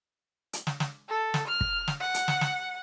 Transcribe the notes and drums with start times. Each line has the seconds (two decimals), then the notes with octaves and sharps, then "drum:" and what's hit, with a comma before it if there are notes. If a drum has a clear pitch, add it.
0.53 drum: hi-hat
0.67 drum: snare
0.80 drum: snare
1.09 A4
1.34 drum: snare
1.47 F6
1.61 drum: kick
1.88 drum: snare
2.00 F#5
2.14 drum: hi-hat
2.28 drum: snare
2.41 drum: snare